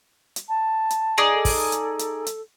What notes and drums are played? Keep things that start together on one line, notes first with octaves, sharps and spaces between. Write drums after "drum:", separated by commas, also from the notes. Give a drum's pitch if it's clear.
drum: hi-hat
A5
drum: hi-hat
D#4 G#4 D5
A4
drum: kick, open hi-hat
drum: hi-hat
drum: hi-hat
drum: hi-hat